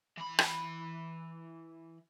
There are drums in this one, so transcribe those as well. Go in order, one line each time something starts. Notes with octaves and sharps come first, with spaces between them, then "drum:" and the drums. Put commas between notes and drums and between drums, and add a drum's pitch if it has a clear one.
E3 B5
drum: rim click